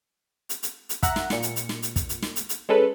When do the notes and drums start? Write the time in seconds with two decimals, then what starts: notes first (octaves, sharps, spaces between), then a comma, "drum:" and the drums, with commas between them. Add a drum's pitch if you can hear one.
0.49 drum: hi-hat
0.63 drum: hi-hat
0.89 drum: hi-hat
1.03 E5 F#5 A#5 F#6, drum: kick, hi-hat
1.16 drum: snare
1.30 A#2 C#7, drum: snare
1.43 drum: hi-hat
1.56 drum: hi-hat
1.69 drum: snare
1.82 drum: hi-hat
1.96 drum: kick, hi-hat
2.09 drum: hi-hat
2.22 drum: snare
2.36 drum: hi-hat
2.49 drum: hi-hat
2.69 G#3 C#4 A4 B4